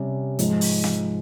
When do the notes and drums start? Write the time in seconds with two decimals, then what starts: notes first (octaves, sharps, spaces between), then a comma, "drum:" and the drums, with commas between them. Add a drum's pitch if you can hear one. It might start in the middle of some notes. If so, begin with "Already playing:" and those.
Already playing: C3 G3 C#4
0.39 G#2 F3 G#3 D#4, drum: hi-hat
0.61 drum: open hi-hat
0.84 drum: snare